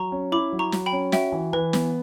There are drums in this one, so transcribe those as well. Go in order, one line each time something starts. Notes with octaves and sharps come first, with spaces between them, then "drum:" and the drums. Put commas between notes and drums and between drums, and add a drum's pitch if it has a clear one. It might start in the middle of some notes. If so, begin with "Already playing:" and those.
Already playing: F#3 A#5 C#6
C#4
E4 B5 D6
F#3
A#5 C#6
F#3, drum: snare
G5 B5
C#4
F#4 E5 G5, drum: snare
E3
E3 B4
B3, drum: snare